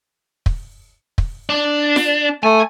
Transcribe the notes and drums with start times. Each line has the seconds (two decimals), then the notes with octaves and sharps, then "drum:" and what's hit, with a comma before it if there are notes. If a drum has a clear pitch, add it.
0.46 drum: kick
1.18 drum: kick
1.49 D4
1.96 drum: snare F4
2.43 A3 G#5